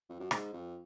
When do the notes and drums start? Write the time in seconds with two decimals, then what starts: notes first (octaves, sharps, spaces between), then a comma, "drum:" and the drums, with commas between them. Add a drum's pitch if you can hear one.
0.09 F2
0.20 F#2
0.31 G#2, drum: rim click
0.53 F2